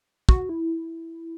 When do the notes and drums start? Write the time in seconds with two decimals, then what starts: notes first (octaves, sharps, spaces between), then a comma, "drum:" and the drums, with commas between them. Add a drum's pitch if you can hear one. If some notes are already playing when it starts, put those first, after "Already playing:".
0.29 F#4, drum: kick
0.49 E4